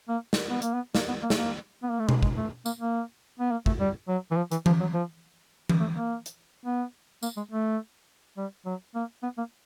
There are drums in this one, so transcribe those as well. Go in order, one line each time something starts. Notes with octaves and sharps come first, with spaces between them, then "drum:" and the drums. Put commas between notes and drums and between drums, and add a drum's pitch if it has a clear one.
A#3
drum: snare
B3
A#3, drum: hi-hat
B3
A#3, drum: snare
B3
A#3
A3, drum: snare
A#3
B3
A#3
A3
G#3, drum: tom B2
G#3, drum: kick
A3
A#3, drum: tambourine
A#3
B3
A#3
A3, drum: kick
G3
F#3
E3
F3
E3, drum: hi-hat
F3, drum: tom E3
F#3
F3
drum: tom E3
A3
A#3
drum: hi-hat
B3
A#3, drum: tambourine
G#3
A3
G3
F#3
A#3
B3
A#3